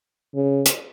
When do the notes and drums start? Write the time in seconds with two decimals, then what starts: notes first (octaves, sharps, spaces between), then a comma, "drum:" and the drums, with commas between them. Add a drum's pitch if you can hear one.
0.35 C#3
0.66 drum: hi-hat